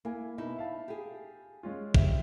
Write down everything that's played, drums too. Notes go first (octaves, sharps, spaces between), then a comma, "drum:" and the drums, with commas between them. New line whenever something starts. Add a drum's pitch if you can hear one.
A#3 E4 G#5
B2 D#4 E4
E5 F5 A5
G4 G#4
G#3 C#4 F4
G4 E5, drum: kick